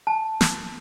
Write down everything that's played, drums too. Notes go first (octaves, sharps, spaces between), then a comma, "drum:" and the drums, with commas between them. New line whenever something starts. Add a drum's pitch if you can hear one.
A5
drum: snare